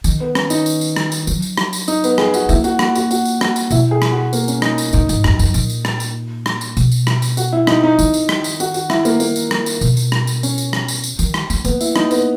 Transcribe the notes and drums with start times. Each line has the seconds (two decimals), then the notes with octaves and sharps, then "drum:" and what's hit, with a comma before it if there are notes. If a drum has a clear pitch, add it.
0.04 D#3, drum: tambourine
0.20 B3
0.35 C#4, drum: rim click
0.50 D#4, drum: tambourine
0.66 drum: tambourine
0.81 drum: tambourine
0.96 drum: rim click
1.12 drum: tambourine
1.27 F#3, drum: tambourine
1.42 drum: tambourine
1.58 drum: rim click
1.73 drum: tambourine
1.88 D#4, drum: tambourine
2.04 B3, drum: tambourine
2.18 G#4, drum: rim click
2.34 F#4, drum: tambourine
2.49 A#3 E4, drum: tambourine
2.64 F#4, drum: tambourine
2.79 F#4, drum: rim click
2.95 F#4, drum: tambourine
3.11 F#4, drum: tambourine
3.25 drum: tambourine
3.41 F#4, drum: rim click
3.56 drum: tambourine
3.71 B2 E4, drum: tambourine
3.91 G#4
4.02 drum: rim click
4.11 F#4
4.33 A#3, drum: tambourine
4.48 C#4, drum: tambourine
4.62 D#4, drum: rim click
4.78 drum: tambourine
4.93 A#2 D#4, drum: tambourine
5.09 G#2, drum: tambourine
5.24 F#2, drum: rim click
5.39 F#2, drum: tambourine
5.54 A#2, drum: tambourine
5.70 drum: tambourine
5.85 drum: rim click
6.00 drum: tambourine
6.46 drum: rim click
6.61 drum: tambourine
6.77 B2, drum: tambourine
6.92 drum: tambourine
7.07 drum: rim click
7.22 drum: tambourine
7.37 F#4, drum: tambourine
7.52 E4
7.67 D#4, drum: rim click
7.83 D#4
7.99 D#3, drum: tambourine
8.14 drum: tambourine
8.29 drum: rim click
8.44 drum: tambourine
8.60 F#4, drum: tambourine
8.74 F#4, drum: tambourine
8.90 E4, drum: rim click
9.05 A#3, drum: tambourine
9.20 A#3, drum: tambourine
9.36 drum: tambourine
9.51 drum: rim click
9.66 drum: tambourine
9.81 B2, drum: tambourine
9.97 drum: tambourine
10.12 drum: rim click
10.27 drum: tambourine
10.43 C#4, drum: tambourine
10.58 drum: tambourine
10.73 drum: rim click
10.88 drum: tambourine
11.04 drum: tambourine
11.19 D#3, drum: tambourine
11.34 drum: rim click
11.50 A#3, drum: tambourine
11.65 A#3 B3, drum: tambourine
11.81 E4, drum: tambourine
11.96 D#4, drum: rim click
12.11 B3, drum: tambourine